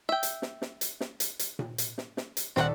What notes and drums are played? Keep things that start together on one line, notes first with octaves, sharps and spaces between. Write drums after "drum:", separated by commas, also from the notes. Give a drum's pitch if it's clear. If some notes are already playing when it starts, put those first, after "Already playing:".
E5 G5
drum: hi-hat
drum: snare
drum: snare
drum: hi-hat
drum: snare
drum: hi-hat
drum: hi-hat
drum: tom A#2
drum: hi-hat
drum: snare
drum: snare
drum: hi-hat
D#1 C4 D4 A4 F#5, drum: snare